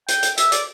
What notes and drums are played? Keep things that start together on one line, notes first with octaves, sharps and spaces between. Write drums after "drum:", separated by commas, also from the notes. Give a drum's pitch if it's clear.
G5, drum: hi-hat
drum: hi-hat
E5, drum: hi-hat
D5, drum: hi-hat